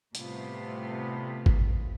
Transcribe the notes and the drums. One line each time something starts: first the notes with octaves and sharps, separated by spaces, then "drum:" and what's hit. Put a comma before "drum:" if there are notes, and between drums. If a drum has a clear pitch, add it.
A2 C3 G3 A3 B3 F4, drum: hi-hat
drum: kick G#1